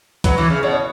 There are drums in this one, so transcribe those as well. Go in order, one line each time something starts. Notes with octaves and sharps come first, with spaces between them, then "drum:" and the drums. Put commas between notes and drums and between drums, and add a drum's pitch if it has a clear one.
F#3 B4, drum: kick, hi-hat
E3
C#3
B2 C#5
C#5